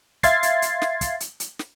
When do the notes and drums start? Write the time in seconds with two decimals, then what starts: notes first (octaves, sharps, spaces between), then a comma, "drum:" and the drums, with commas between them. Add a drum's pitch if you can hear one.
0.23 E5 F5 C6 G#6 A6 C7, drum: kick, hi-hat
0.43 drum: hi-hat
0.62 drum: hi-hat
0.82 drum: snare
1.01 drum: kick, hi-hat
1.20 drum: hi-hat
1.40 drum: hi-hat
1.59 drum: snare